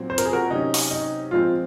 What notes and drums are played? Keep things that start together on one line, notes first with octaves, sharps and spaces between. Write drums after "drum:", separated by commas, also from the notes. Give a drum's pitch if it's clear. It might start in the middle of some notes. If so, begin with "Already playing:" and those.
Already playing: A#2 F#3 C4
C5
A#4, drum: hi-hat
G#4
F#4 A#4
C3 F#3 C#4 D#4
drum: open hi-hat
D#4
A#2 F3 G#3 C4 F4